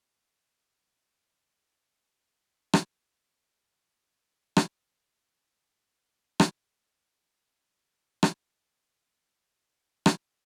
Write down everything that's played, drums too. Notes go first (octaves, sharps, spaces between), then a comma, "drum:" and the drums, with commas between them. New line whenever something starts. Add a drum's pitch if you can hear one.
A3
F#3
F#4
drum: rim click
drum: rim click
A#3 F#4 G5
C#3 E3
F#4
D4 F4 A#4 D#5
D5 E5 F#5 A#5
drum: rim click
F#2 B2 E3 C4 C#4 F#4
drum: rim click
F#5
drum: rim click